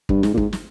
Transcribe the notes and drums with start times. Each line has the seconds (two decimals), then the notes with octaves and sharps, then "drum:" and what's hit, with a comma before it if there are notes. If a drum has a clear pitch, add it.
0.09 G2, drum: kick
0.23 G#2, drum: snare
0.34 A#2
0.38 G#2, drum: kick
0.53 drum: snare